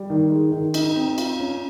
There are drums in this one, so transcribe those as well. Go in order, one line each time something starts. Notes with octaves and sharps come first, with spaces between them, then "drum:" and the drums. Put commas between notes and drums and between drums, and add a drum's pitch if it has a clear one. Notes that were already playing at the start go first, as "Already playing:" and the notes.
Already playing: G3
D#3
G#3
D#3
D#4, drum: cymbal
C4
F4, drum: cymbal
C#4